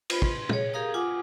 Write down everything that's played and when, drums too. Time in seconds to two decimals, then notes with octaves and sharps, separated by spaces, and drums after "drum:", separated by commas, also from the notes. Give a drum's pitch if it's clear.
0.10 F4 C5 B5, drum: cymbal
0.22 C6, drum: kick
0.49 G#4 C#5, drum: tom
0.74 G4 G#4 A#4 F5 A#5 D#6
0.94 F4 F#5 G#5 D6 D#6